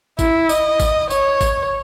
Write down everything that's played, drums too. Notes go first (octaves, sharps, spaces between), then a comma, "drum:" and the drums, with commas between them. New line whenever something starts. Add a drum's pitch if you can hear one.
E4, drum: kick, tambourine
D#5, drum: tambourine
drum: kick, tambourine
C#5, drum: tambourine
drum: kick, tambourine